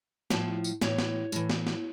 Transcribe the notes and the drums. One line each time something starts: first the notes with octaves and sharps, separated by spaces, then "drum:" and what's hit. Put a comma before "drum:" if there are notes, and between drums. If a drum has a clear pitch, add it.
A2 F3, drum: snare
drum: tambourine
A2 E3 C#5, drum: snare
drum: snare
A2 E3, drum: tambourine
drum: snare
drum: snare